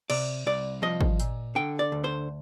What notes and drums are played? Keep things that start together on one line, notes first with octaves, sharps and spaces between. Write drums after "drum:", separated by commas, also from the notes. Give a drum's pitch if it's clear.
C3 D5, drum: cymbal
C2 D5
F3 D#5
drum: kick
A#2, drum: hi-hat
D3 G5
D5
D2
C5